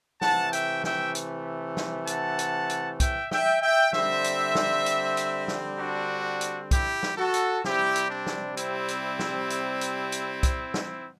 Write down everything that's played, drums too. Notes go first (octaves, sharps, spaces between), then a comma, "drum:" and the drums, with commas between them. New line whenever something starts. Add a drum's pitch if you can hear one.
C3 E3 A3 F#5 A5, drum: snare
E5 G5, drum: hi-hat
E5 G5, drum: snare
drum: hi-hat
drum: snare
F#5 A5, drum: hi-hat
drum: hi-hat
drum: hi-hat
E5 G5, drum: kick C2, hi-hat
E5 G5, drum: snare
E5 G5
D3 G3 C4 C5 E5, drum: snare
drum: hi-hat
drum: snare
drum: hi-hat
drum: hi-hat
drum: snare
D4 F#4
drum: hi-hat
E4 G4, drum: kick C2, hi-hat
drum: snare
F#4 A4
drum: hi-hat
C3 G3 C4 E4 G4, drum: snare
drum: hi-hat
D4
drum: snare
C4 E4, drum: hi-hat
drum: hi-hat
drum: snare
drum: hi-hat
drum: hi-hat
drum: hi-hat
drum: kick C2, hi-hat
drum: snare